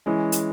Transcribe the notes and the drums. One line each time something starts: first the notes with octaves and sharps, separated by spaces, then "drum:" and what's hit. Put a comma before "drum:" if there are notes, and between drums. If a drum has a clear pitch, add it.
E3 G#3 C#4
drum: hi-hat